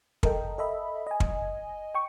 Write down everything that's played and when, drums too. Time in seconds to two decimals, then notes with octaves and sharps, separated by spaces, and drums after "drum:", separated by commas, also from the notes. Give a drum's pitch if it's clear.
0.23 A4 A#4 D#5 G5, drum: kick
0.58 A4 D#5 E5 B5
1.07 D#5 G#5
1.20 drum: kick
1.95 G5 C#6